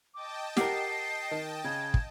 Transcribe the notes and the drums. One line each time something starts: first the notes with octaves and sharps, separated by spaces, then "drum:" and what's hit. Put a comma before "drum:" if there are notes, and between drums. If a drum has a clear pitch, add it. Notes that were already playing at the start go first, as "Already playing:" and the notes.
D#5 G5 A5 D6
G4 A#4 F#5 D6 C7, drum: snare
D#3
C#3 G#6
drum: kick